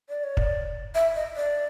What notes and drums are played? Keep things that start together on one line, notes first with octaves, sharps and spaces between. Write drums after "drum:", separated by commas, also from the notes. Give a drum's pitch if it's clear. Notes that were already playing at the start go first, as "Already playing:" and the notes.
D5
C#5
D5, drum: kick
E5
D#5
D5